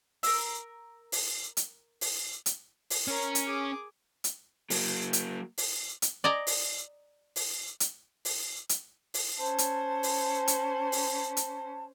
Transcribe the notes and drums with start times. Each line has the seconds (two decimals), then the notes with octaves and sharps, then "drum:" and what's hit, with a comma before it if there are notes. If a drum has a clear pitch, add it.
0.23 A#4 E6, drum: open hi-hat
1.12 drum: open hi-hat
1.57 drum: hi-hat
2.01 drum: open hi-hat
2.46 drum: hi-hat
2.90 drum: open hi-hat
3.08 C#4 A#4 C#5 A#5
3.35 drum: hi-hat
3.46 G#4 D6
4.24 drum: hi-hat
4.70 F#3 A#3, drum: open hi-hat
5.13 drum: hi-hat
5.58 drum: open hi-hat
6.02 drum: hi-hat
6.24 D5 D#5 G#5 A#5
6.47 drum: open hi-hat
7.36 drum: open hi-hat
7.80 drum: hi-hat
8.25 drum: open hi-hat
8.69 drum: hi-hat
9.14 drum: open hi-hat
9.38 C#4 C5 A5
9.58 drum: hi-hat
10.03 drum: open hi-hat
10.48 drum: hi-hat
10.92 drum: open hi-hat
11.37 drum: hi-hat